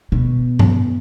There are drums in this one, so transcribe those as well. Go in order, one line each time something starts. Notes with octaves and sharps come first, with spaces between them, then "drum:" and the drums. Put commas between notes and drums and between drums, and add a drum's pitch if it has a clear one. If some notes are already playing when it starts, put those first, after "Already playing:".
B2
drum: tom G2